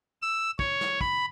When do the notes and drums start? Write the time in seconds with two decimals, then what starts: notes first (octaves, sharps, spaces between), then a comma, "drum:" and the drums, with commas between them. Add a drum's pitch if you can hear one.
0.22 E6
0.59 C#5, drum: kick
0.81 drum: snare
1.01 B5, drum: kick